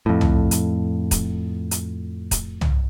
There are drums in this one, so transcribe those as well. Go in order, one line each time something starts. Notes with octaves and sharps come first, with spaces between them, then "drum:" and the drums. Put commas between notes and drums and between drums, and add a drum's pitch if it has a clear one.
F2 A2
drum: tom C2
drum: hi-hat
drum: kick, hi-hat
drum: hi-hat
drum: kick, hi-hat
drum: tom C2